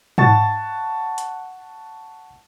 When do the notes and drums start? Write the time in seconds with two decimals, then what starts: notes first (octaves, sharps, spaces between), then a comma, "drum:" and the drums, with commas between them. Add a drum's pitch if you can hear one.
0.18 F#5 A5 C#6 A6, drum: tom G#2
1.18 drum: hi-hat